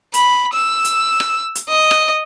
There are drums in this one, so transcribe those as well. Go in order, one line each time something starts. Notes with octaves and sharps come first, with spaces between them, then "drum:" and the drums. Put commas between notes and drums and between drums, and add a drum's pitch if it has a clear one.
B5, drum: hi-hat
E6
drum: hi-hat
drum: rim click
drum: hi-hat
D#5
drum: rim click